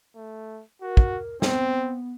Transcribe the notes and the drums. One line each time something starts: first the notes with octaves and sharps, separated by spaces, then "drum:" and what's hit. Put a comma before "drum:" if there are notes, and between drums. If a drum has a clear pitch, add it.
A3
F#4 A#4
drum: kick
B3 C4, drum: snare